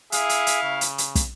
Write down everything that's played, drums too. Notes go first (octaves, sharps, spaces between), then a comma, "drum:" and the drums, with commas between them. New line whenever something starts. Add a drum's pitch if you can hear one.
E4 G#4 E5 F5, drum: hi-hat
drum: hi-hat
drum: hi-hat
C#3
drum: hi-hat
drum: hi-hat
drum: kick, hi-hat